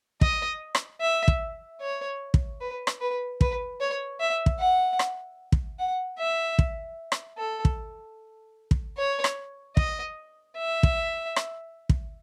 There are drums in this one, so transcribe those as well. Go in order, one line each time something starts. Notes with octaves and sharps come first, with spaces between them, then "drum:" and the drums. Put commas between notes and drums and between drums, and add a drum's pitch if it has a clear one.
D#5, drum: kick
drum: rim click
E5
drum: kick
C#5
drum: kick
B4
drum: rim click
B4
B4, drum: kick
C#5
E5
drum: kick
F#5
drum: rim click
drum: kick
F#5
E5
drum: kick
drum: rim click
A4
drum: kick
drum: kick
C#5
drum: rim click
D#5, drum: kick
E5
drum: kick
drum: rim click
drum: kick